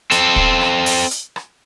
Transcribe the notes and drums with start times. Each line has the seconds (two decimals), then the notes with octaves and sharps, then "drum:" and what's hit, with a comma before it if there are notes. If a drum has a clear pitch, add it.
0.11 C4 A4, drum: hi-hat
0.36 drum: kick
0.61 drum: rim click
0.86 drum: open hi-hat
1.11 drum: hi-hat
1.36 drum: rim click